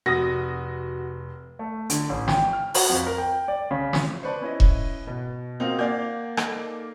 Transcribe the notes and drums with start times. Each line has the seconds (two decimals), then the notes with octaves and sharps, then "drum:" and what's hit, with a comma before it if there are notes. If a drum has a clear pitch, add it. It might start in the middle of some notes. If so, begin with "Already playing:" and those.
0.06 F1 F#4 D#6 A#6
1.59 A3
1.90 D3, drum: hi-hat
2.09 A1
2.28 G5, drum: snare
2.53 F6
2.74 F#4, drum: open hi-hat
2.89 F2
3.07 A#4
3.18 G5
3.48 D5
3.71 C#3
3.93 drum: snare
4.23 B4 C5 D5 A5 C#6
4.41 C#4 E4 D#5
4.60 drum: kick E1
5.07 B2
5.60 A#3 C4 D#4 F4 F#4 F5
5.79 A#3 D5 F5 F#5 G#5 G6
6.37 D#4 A4 A#4, drum: rim click